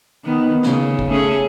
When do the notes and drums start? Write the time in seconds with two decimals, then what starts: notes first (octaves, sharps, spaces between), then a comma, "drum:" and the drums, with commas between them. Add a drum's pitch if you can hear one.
0.24 D#3 B3
0.63 C#3, drum: snare
0.99 drum: kick
1.09 A3 C#4 G#4